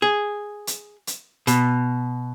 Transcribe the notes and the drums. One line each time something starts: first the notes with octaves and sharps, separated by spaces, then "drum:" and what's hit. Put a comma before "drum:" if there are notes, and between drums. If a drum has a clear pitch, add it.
G#4
drum: hi-hat
drum: hi-hat
B2, drum: hi-hat